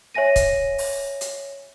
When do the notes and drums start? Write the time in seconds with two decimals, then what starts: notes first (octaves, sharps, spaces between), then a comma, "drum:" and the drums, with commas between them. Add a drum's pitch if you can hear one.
0.14 C#5 E5 G#5 A#6 D#7
0.36 drum: kick, hi-hat
0.78 drum: open hi-hat
1.21 drum: hi-hat